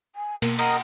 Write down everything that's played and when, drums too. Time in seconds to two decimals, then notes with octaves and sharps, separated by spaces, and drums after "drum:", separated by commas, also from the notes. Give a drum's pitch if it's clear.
0.16 G#5
0.42 B2 A#3 A#4, drum: cymbal
0.59 A#4 D#5 F#5 D#6, drum: cymbal